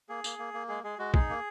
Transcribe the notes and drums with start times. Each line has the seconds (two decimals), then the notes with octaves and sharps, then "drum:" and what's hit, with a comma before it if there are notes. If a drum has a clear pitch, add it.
0.09 A#3 G#4
0.24 A#3, drum: tambourine
0.39 A#3
0.54 A#3
0.68 G#3 G#4
0.84 G#3 G#4
0.98 G#3 F#4
1.14 D#4 G#4, drum: kick
1.29 A#3